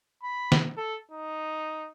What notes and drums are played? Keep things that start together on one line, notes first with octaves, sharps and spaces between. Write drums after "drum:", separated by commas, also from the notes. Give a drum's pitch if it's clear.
B5
drum: snare
A4
D#4